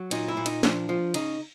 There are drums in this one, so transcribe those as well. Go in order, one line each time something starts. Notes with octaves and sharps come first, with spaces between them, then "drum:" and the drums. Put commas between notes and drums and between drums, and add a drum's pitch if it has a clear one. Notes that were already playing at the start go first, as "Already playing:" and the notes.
Already playing: F#3
A#2 D#4, drum: cymbal
E4
A#2
D#4, drum: cymbal
F3 D4, drum: snare
F3
C#3 D#4, drum: cymbal